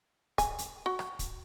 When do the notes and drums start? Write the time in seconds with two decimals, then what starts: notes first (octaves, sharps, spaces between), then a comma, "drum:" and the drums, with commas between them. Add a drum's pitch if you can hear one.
0.38 G#5, drum: kick, hi-hat
0.58 drum: hi-hat
0.86 F#4
0.99 drum: rim click
1.19 drum: kick, hi-hat